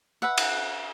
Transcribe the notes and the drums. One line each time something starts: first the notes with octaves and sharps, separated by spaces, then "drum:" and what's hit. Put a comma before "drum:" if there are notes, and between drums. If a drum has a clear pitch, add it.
B4 E5 F#5
drum: cymbal